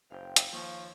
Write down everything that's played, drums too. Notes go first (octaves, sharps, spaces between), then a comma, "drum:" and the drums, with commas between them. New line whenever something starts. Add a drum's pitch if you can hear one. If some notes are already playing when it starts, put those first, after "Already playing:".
F#1 C5 F5 G5
drum: hi-hat
D#2 F3 C#6